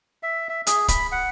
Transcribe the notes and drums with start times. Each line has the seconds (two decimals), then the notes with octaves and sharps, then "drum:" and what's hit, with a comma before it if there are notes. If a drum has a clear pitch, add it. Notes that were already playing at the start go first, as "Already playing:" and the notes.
0.23 E5
0.49 E5
0.67 G#4, drum: hi-hat
0.88 B5, drum: kick, hi-hat
1.12 F#5